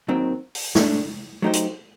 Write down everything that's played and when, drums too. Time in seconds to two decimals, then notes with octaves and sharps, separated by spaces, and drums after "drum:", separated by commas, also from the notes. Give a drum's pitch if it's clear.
0.08 D#2 D#3 F#3 C4
0.55 drum: open hi-hat
0.75 A2 A3 D4, drum: snare
1.42 F#3 A3 D#4 G4 C5
1.53 drum: hi-hat